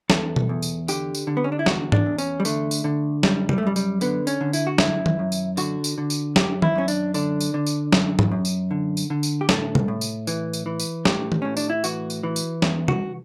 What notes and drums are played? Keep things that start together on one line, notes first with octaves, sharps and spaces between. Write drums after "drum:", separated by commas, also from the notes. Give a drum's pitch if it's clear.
E2 A4, drum: snare
drum: tom B2
E2
drum: tambourine
D3 G4, drum: tambourine
drum: tambourine
D3
B3
C#4
D4
E4
E2 F#4, drum: snare
D4, drum: tom G#2
E2
C#4, drum: tambourine
G3
D3 A3, drum: tambourine
drum: tambourine
D3
F#2 G3, drum: snare
G3, drum: tom C3
A3
F#2 G3
G3, drum: tambourine
D3 B3, drum: tambourine
C#4, drum: tambourine
D3
E4, drum: tambourine
F#4
F#2 E4, drum: snare
drum: tom D#3
F#2
drum: tambourine
D3 F#4, drum: tambourine
drum: tambourine
D3
drum: tambourine
F#2 G4, drum: snare
E4, drum: tom D#3
F#2 C#4
D4, drum: tambourine
D3 D4, drum: tambourine
drum: tambourine
D3
drum: tambourine
F#2, drum: snare
drum: tom G#2
F#2
drum: tambourine
D3
drum: tambourine
D3
drum: tambourine
G4
A2 A4, drum: snare
drum: tom C3
A2
drum: tambourine
E3, drum: tambourine
drum: tambourine
E3
drum: tambourine
A2 G4, drum: snare
drum: tom D#3
A2 C#4
D4, drum: tambourine
E4
E3 F#4, drum: tambourine
drum: tambourine
E3
drum: tambourine
E2, drum: snare
F#4, drum: tom C3